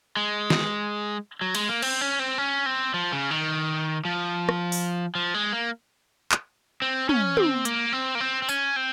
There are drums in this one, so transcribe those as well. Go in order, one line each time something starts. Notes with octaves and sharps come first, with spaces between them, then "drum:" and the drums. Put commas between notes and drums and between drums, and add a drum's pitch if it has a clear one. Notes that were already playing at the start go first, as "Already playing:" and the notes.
G#3
drum: snare
F#3
G#3, drum: cymbal
A#3
C4, drum: cymbal
C#4
C4
C#4
C4
F3
C#3
D#3
F3
drum: rim click
drum: open hi-hat
F3
G#3
A#3
drum: clap
C4
C#4, drum: tom
C4, drum: tom
A#3, drum: hi-hat
C4
A#3
C4
C4
C#4, drum: tambourine
C4